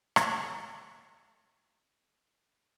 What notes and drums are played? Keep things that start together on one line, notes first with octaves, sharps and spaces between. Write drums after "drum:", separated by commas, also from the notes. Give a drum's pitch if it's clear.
drum: rim click
A2 A5